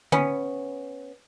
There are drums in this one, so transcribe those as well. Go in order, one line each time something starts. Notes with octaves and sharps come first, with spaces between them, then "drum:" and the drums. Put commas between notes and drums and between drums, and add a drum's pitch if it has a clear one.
B3 C#4, drum: tom D3